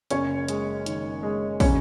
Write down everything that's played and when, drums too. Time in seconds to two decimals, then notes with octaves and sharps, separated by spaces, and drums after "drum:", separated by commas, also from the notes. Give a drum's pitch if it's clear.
0.10 F#1 C#4 C#5, drum: hi-hat
0.48 G#3, drum: hi-hat
0.86 D#3, drum: hi-hat
1.23 G#3
1.60 C#3 C#4 C#5, drum: kick, open hi-hat